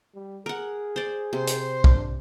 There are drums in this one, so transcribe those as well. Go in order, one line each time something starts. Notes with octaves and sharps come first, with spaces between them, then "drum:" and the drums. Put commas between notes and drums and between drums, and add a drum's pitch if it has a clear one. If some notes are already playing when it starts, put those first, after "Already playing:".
G3
G#4 A#4 F#5
C5 D5
C3 C5
drum: hi-hat
D4, drum: kick B1